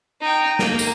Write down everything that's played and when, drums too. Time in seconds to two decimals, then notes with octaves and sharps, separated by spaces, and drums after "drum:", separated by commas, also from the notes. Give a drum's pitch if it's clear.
0.21 D#4 G5
0.59 A#3, drum: snare
0.79 drum: tambourine